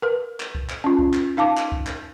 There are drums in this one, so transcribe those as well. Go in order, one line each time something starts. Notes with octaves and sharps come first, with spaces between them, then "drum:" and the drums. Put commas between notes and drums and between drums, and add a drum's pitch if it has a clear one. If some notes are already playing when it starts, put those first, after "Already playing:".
A#4 B4
drum: clap
drum: kick C2
drum: clap
C#4 F4
drum: kick C2
drum: clap
D#4 F5 A5 D6
drum: clap
drum: kick C2
drum: clap